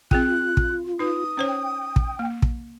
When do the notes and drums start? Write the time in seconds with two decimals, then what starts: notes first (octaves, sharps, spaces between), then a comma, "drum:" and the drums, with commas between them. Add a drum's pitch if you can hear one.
0.11 C4 F4 G#4 G5 F#6, drum: kick
0.57 drum: kick
0.99 D#4 B4 D#6
1.37 C#4 C5 C#5 G5
1.96 drum: kick
2.19 A#3
2.42 drum: kick